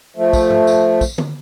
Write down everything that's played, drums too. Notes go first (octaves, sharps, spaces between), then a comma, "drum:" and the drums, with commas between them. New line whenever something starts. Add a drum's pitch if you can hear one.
F3 A3
drum: kick, tambourine
drum: tom G2
drum: tambourine
drum: kick, tambourine
drum: tom D3